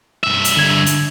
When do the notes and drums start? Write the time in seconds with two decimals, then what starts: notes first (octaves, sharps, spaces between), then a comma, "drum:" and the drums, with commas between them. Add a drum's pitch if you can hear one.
0.24 G2 E5
0.45 drum: hi-hat
0.57 D3 G#6
0.86 drum: hi-hat